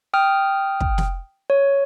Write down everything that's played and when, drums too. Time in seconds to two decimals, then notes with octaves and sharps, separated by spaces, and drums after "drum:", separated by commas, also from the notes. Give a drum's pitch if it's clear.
0.14 G5 D#6 F6
0.81 drum: kick
0.98 drum: snare
1.50 C#5